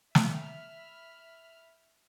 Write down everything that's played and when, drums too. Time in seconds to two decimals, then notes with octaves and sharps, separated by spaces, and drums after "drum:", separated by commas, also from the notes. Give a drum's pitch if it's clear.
0.15 E5 B5 F6, drum: snare